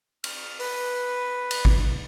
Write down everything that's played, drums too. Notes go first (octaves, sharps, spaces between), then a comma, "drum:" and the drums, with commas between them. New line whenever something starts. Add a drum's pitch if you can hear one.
F6, drum: cymbal
B4, drum: open hi-hat
drum: cymbal
drum: kick G#1